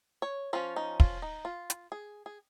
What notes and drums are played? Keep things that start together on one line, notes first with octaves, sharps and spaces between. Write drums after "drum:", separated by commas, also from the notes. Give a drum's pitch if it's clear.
C#5
F3 C#4 F4
D#4
F4, drum: kick
D#4
F4
drum: hi-hat
G#4
G#4